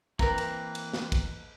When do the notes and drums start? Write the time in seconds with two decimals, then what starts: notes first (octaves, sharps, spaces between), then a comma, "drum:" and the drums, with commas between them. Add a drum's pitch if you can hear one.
0.19 E3 A#3 C4 A#4 B4 A#5, drum: kick
0.38 drum: cymbal
0.75 drum: cymbal
0.93 drum: snare
1.12 drum: kick, cymbal